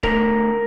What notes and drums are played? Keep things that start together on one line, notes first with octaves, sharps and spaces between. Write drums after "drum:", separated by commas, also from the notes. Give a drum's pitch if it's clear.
D2 D3 A3 A#4 A#5, drum: kick C#1